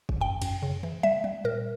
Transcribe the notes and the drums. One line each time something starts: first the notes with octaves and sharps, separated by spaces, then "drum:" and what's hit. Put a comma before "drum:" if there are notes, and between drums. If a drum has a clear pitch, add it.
drum: kick
F#2 G5
F#2, drum: cymbal
C#3
E3
G3 E5
G3
A#2 A#4